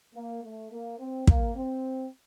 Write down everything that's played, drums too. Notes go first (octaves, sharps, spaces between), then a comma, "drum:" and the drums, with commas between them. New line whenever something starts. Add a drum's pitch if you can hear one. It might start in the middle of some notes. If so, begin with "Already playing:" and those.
A#3
A3
A#3
C4
A#3, drum: kick
C4